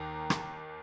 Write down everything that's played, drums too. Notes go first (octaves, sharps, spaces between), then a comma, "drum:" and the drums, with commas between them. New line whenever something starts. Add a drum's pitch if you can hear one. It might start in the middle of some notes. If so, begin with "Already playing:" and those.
Already playing: D#2 D#3 A#5
drum: rim click